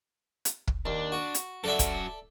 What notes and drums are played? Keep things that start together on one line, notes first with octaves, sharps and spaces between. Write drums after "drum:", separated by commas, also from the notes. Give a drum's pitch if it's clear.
drum: hi-hat
drum: kick
D#2 D4
F#4
drum: hi-hat
F#2 F#4 A4 D5 E5
drum: kick, hi-hat